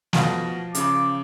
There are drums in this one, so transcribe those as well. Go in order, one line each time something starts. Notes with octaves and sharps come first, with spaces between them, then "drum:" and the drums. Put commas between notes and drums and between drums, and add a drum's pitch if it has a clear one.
B2 F3, drum: snare
C#3 D6, drum: hi-hat